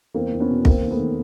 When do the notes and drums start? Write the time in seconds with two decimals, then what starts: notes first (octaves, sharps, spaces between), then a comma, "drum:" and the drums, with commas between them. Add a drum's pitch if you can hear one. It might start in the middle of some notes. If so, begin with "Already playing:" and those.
0.14 E2 A#3 C4
0.32 E2
0.40 B3 C#4
0.49 B2
0.65 D#2 A#3 C4, drum: kick
0.82 D#2
0.91 A3 B3
0.99 D#3